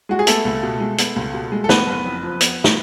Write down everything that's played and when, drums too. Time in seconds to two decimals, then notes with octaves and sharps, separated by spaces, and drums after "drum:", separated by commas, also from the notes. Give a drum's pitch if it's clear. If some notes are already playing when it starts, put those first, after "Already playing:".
0.09 G#3 F#4
0.19 G#4
0.27 A3 B3 A4, drum: hi-hat
0.45 C#2
0.63 B2
0.80 G#3
0.98 B3, drum: hi-hat
1.16 C#2
1.34 B2
1.52 G#3
1.64 A4
1.69 B3 B4, drum: snare
1.87 F#1
2.05 F2
2.23 F3
2.41 B3, drum: hi-hat
2.64 drum: snare